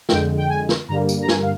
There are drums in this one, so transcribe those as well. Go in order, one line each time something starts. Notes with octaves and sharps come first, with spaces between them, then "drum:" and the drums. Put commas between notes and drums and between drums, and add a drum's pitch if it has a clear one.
F2 D3 G#3 G5, drum: snare
G5
G#5
drum: snare
G2 D3 G3 A#3 A#5
drum: tambourine
A#5
G#5, drum: snare
F5